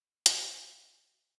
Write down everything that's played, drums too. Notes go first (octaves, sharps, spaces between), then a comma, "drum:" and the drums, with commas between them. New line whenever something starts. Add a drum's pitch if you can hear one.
drum: hi-hat
F#3